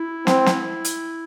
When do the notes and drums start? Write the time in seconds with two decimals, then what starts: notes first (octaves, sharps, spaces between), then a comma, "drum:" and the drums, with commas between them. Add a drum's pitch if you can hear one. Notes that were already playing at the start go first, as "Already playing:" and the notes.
Already playing: E4
0.27 C4, drum: snare
0.46 drum: snare
0.85 drum: hi-hat